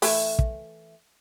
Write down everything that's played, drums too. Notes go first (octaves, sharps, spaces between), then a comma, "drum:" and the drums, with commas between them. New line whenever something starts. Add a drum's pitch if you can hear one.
E3 A3 E4, drum: open hi-hat
drum: kick